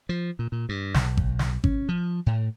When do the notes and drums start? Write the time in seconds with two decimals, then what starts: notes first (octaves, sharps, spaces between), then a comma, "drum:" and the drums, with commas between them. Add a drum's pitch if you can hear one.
0.09 F3
0.39 A#2
0.52 A#2
0.69 G2
0.94 B1, drum: snare
1.17 drum: kick G#1
1.39 drum: snare
1.64 C#4, drum: kick G#1
1.89 F3
2.26 A2